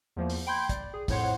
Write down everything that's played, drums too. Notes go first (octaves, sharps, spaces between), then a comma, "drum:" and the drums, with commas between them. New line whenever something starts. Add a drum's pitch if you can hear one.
E2 F3 A#3
drum: open hi-hat
G5 B5 C6 G6 G#6
D5, drum: kick, hi-hat
G#4
F2 A2 C5 C#5 F#5 C6, drum: kick, open hi-hat